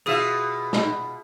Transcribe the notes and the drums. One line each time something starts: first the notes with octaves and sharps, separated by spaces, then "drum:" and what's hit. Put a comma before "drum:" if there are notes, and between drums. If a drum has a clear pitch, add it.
B2 F4 G#4 E5 D#6 D#7
drum: snare